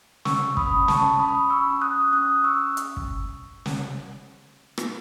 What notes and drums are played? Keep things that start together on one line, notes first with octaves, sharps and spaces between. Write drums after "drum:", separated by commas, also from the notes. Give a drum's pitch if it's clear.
C#4 C#6 E6, drum: snare
B5 D#6, drum: kick
C#4
A5 C#6, drum: snare
C#4 B5 D#6
C#6 E6
C#4
D#6 F#6
C#4 D#6 F#6
C#6 E6
drum: hi-hat
drum: kick
drum: snare
drum: rim click